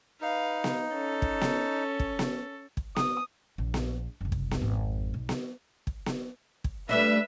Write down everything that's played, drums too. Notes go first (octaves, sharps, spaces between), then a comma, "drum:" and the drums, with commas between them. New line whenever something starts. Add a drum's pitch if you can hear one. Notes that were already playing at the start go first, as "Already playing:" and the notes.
D#4 B4 F5
drum: snare B3
C#4 A4
drum: kick
drum: snare B3
drum: kick
drum: snare B3
drum: kick
D#6, drum: snare B3
A#1
drum: snare B3
F#1 C2
drum: kick
drum: snare B3
G#1 F2
B1
drum: snare B3
drum: kick
drum: snare B3
drum: kick
G3 A3 D4 B4 E5